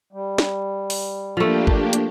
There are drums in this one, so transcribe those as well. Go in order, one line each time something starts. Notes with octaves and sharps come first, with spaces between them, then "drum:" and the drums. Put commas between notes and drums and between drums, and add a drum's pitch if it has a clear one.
G3
drum: snare
drum: open hi-hat
F3 A3 A#3 D4 G4
drum: kick G#1
drum: hi-hat